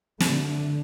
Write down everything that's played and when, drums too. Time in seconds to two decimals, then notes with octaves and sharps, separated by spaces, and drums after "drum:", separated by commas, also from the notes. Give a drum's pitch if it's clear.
0.20 D3 A3, drum: snare